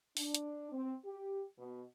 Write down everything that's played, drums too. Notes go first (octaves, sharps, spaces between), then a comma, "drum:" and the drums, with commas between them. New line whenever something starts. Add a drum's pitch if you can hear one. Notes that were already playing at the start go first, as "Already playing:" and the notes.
D4, drum: open hi-hat
drum: hi-hat
C4
G4
B2